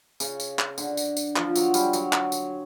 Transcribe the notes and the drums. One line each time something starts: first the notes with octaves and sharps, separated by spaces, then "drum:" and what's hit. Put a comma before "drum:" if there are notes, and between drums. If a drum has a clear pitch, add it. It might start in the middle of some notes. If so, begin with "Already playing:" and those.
C#3, drum: tambourine
drum: tambourine
drum: clap
D3, drum: tambourine
drum: tambourine
drum: tambourine
F3, drum: clap
F#3, drum: tambourine
G3, drum: tambourine
F#3, drum: tambourine
drum: clap
drum: tambourine